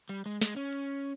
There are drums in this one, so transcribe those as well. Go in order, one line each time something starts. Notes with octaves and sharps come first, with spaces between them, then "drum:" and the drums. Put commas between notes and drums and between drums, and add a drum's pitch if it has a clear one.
G3, drum: hi-hat
G#3
G#3, drum: snare
C#4
drum: open hi-hat